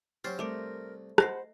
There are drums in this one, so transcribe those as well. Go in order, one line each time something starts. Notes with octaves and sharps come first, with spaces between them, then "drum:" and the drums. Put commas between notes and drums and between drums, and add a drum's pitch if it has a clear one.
F#3 C#4 G4 C5 F6 A6 C7
C2 A3 A4 A#4 D6 D7
C5 D#5 F#5 B5 A#6 C7, drum: rim click